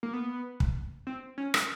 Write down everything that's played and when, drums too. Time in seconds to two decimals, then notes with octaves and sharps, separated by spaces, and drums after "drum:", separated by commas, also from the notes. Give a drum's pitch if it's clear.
0.03 A#3
0.13 B3
0.60 drum: kick
1.07 C4
1.38 C#4
1.54 drum: rim click